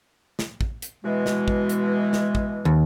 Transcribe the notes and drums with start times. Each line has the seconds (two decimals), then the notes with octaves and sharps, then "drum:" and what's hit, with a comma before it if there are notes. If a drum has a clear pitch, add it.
0.39 drum: snare
0.61 drum: kick
0.82 drum: hi-hat
1.04 B2 E3 G#3
1.26 drum: snare
1.48 drum: kick
1.69 drum: hi-hat
2.13 drum: snare
2.35 drum: kick
2.65 D#2